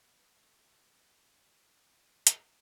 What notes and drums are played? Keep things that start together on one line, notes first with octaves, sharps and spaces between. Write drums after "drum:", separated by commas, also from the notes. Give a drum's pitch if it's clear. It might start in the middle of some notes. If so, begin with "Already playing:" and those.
Already playing: B3
A3
B3
drum: hi-hat